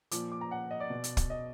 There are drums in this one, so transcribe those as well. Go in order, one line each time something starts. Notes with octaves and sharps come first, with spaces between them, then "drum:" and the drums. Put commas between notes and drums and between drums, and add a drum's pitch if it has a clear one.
A#2 F3 D6, drum: hi-hat
D6
A#5
F#5
D#5
D5
B2
drum: hi-hat
drum: kick, hi-hat
D#5